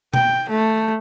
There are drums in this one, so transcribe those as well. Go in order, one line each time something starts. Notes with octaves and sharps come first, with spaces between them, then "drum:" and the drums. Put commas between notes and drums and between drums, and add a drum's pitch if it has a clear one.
G5, drum: tom B2
A3